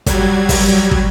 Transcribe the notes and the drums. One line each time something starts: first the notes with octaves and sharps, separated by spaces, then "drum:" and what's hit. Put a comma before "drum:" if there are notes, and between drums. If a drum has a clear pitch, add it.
F#3 G3 G#6, drum: kick, hi-hat
drum: kick, open hi-hat
drum: kick